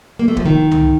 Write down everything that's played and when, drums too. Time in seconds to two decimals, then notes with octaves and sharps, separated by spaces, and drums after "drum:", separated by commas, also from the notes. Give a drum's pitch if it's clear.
0.19 A#3
0.28 A3
0.37 F3, drum: kick
0.46 D#3
0.72 drum: tom